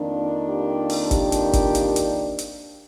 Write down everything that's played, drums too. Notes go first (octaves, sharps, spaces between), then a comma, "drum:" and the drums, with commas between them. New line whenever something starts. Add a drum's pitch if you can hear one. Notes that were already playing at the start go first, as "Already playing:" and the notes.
Already playing: F2 D#3 A#3 D4
G4
drum: open hi-hat
G4, drum: kick G1, hi-hat
drum: hi-hat
drum: kick G1, hi-hat
drum: hi-hat
drum: hi-hat
drum: hi-hat